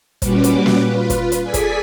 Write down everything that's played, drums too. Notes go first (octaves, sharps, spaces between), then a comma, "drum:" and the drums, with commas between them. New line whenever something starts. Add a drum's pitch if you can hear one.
A#2 G3 C#4 F#4 B4 D6, drum: kick, hi-hat
drum: hi-hat
drum: snare
F4 B4
drum: kick, hi-hat
drum: hi-hat
G#4 A4 D5 G#5 B6
drum: kick, hi-hat